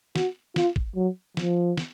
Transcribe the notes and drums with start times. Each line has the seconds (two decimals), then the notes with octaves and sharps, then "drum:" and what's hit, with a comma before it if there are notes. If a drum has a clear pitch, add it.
0.16 F#4, drum: snare
0.56 F4, drum: snare
0.76 drum: kick A1
0.96 F#3
1.37 F3, drum: snare
1.78 drum: snare